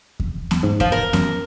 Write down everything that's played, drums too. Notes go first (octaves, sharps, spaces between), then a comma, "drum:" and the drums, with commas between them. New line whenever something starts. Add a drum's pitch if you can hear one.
drum: kick E2
drum: snare B3
G#2
F3, drum: kick E2
A#4
F#2, drum: snare B3